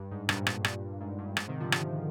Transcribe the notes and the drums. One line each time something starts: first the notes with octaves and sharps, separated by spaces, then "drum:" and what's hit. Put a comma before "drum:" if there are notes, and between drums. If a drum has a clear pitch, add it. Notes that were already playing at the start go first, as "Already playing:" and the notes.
Already playing: G2
G#2
G2 A#2, drum: rim click
drum: rim click
drum: rim click
G#2
G2
G#2, drum: rim click
C3 D#3
D3 F3
drum: rim click